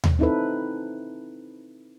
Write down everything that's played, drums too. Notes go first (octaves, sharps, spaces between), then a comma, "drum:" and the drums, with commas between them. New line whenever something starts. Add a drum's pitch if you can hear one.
drum: tom D#2
C4 D#4 E4 A4 B4